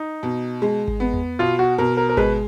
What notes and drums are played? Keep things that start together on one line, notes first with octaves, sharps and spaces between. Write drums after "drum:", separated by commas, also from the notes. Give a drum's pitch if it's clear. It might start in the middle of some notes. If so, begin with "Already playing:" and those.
Already playing: D#4
B2
G#3
drum: kick G#1
B3
drum: tom E2
B2 F4
F#4
B2 A#4
A#4
A#4
G#3 B4, drum: kick G#1